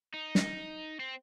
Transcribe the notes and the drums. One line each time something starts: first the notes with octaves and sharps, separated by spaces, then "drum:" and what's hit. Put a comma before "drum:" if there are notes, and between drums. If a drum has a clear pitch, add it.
D#4
drum: snare
C4